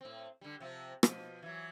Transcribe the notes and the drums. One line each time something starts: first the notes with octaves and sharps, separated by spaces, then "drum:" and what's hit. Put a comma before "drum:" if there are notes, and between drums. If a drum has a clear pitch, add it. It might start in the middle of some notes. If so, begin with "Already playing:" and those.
A2 C4
D3 G3
C3 F3 C4
B2 F3, drum: rim click
E3 F#3